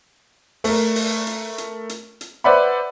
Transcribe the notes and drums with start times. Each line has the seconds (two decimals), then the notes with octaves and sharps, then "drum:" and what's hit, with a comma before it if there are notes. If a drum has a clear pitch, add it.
0.64 A3 A#4, drum: open hi-hat
0.95 drum: open hi-hat
1.27 drum: hi-hat
1.58 drum: hi-hat
1.89 drum: hi-hat
2.21 drum: hi-hat
2.44 B4 C5 D5 E5 F#5 B5